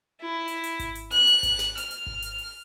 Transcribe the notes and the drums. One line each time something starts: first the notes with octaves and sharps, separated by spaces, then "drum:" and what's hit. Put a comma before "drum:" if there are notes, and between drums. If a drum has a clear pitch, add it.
E4
drum: hi-hat
drum: hi-hat
drum: kick G#1, hi-hat
drum: hi-hat
F#6, drum: open hi-hat
drum: hi-hat
drum: kick G#1, hi-hat
drum: snare
F6, drum: hi-hat
drum: hi-hat
drum: kick G#1
drum: hi-hat
drum: open hi-hat